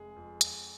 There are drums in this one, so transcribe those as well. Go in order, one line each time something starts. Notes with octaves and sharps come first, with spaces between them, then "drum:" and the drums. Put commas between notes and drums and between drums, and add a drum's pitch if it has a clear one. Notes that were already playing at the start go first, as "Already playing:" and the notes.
Already playing: F1 G#3 G#4
F2
F2, drum: hi-hat